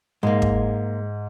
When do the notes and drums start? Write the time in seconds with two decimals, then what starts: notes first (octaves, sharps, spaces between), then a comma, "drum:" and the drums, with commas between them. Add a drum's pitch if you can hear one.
0.23 G#2 G#3 A#3
0.42 drum: kick